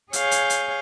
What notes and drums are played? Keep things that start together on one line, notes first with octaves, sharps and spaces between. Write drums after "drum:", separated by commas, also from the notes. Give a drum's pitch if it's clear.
G#4 C#5 F5 G#5 G6, drum: hi-hat
drum: hi-hat
drum: hi-hat